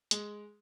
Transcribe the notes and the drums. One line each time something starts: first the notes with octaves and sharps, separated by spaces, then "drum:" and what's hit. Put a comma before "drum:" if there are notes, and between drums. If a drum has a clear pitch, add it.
G#3, drum: hi-hat